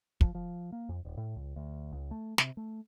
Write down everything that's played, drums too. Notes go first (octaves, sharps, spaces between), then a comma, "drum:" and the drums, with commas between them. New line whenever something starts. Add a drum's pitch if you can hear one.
F3, drum: kick
F3
A#3
F2
D#1
A2
C#2
D2
C#2
A3
C3, drum: snare
A3